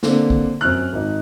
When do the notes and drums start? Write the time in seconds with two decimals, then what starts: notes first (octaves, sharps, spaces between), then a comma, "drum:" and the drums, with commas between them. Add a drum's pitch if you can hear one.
0.03 D3 A#3 C4 D4, drum: snare
0.30 drum: kick
0.61 F#2 C4 F6 F#6
0.93 G#1 D#4